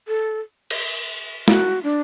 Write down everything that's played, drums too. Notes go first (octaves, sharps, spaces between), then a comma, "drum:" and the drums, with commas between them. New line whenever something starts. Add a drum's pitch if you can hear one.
A4
drum: cymbal
F#4, drum: snare
D4